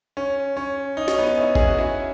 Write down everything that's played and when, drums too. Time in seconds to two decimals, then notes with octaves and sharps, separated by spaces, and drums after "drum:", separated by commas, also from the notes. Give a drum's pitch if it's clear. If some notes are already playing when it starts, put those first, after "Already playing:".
0.17 C#4
0.57 C#4
0.97 D#4
1.08 C#4, drum: snare
1.18 B3 D#4
1.37 C#4 E4
1.55 G#4, drum: kick G#1
1.67 F#4
1.78 C#4 E4